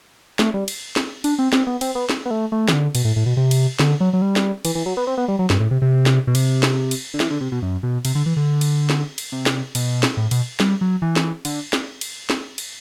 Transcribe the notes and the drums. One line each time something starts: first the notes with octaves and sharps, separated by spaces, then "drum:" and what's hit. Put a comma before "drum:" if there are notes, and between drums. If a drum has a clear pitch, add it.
A3, drum: snare
G3
drum: cymbal
drum: snare
D4, drum: cymbal
C4
C4, drum: snare
B3
C4, drum: cymbal
B3
drum: snare
B3
A3
A3
E3, drum: snare
D3
B2, drum: cymbal
A2
A2
B2
C3
drum: cymbal
D3, drum: snare
F#3
F#3
G3
drum: snare
E3, drum: cymbal
E3
F#3
B3
C4
B3
G3
F#3
G2, drum: snare
A2
C3
C3
drum: snare
B2
C3, drum: cymbal
drum: snare
drum: cymbal
D3
E3, drum: snare
D3
C3
B2
F#2
B2
C3, drum: cymbal
D3
E3
D3
drum: cymbal
drum: snare
drum: cymbal
C3
drum: snare
B2, drum: cymbal
drum: snare
A2
B2, drum: cymbal
G3, drum: snare
F#3
E3
drum: snare
D3, drum: cymbal
drum: snare
drum: cymbal
drum: snare
drum: cymbal